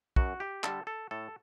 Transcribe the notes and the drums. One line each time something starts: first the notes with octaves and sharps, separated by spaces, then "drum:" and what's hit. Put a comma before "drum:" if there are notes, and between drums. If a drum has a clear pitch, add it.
F#2 F#4, drum: kick
G4
D3 G3 A4, drum: clap
A4
A2 A4